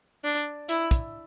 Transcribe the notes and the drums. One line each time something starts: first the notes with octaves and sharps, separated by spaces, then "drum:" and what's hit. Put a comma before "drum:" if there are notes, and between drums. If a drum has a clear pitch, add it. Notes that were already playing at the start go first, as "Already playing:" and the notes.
D4
E4, drum: hi-hat
drum: kick, hi-hat